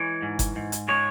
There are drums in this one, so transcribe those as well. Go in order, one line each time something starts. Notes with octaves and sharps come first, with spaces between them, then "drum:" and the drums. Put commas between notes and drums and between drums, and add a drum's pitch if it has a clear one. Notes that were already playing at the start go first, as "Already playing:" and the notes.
Already playing: E3 G#3 C#5
G#2
drum: kick G1, hi-hat
G#2
drum: hi-hat
G#3 C#5